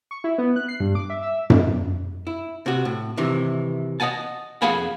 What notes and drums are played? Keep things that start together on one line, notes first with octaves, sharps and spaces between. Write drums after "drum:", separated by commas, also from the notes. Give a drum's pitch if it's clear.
C#6
E4
B3
F#6
C7
G2
D6
E5
E5
drum: tom F#2
E4
C3 F#4
A2
C3 D#3 E3
D#5 F5 F#5 G#5 A5
F2 G#4 F5 F#5 G#5 B5